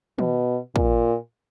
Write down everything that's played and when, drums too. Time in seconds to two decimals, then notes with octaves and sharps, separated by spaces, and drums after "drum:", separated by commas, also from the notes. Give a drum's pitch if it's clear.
0.19 B2, drum: tom
0.76 A#2, drum: kick